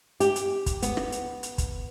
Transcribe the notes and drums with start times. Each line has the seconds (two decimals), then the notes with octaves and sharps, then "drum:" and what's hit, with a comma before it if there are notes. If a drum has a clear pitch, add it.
0.20 G4, drum: hi-hat
0.36 drum: hi-hat
0.66 drum: kick, hi-hat
0.82 B3, drum: hi-hat
0.97 drum: rim click
1.12 drum: hi-hat
1.43 drum: hi-hat
1.58 drum: kick, hi-hat